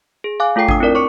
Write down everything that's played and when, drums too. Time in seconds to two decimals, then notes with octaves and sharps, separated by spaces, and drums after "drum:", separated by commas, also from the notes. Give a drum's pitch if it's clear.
0.24 G#4
0.40 F5 G#5 D6 F#6
0.56 A3 F4 A4 G5 C7
0.68 D4 D#6, drum: kick G#1
0.80 C4 E4 A#4 D5
0.95 C#5 C#6 D6 C#7